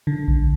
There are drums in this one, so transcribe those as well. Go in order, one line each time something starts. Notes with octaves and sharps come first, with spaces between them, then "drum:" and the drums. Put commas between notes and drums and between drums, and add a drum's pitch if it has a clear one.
D3
drum: kick A#1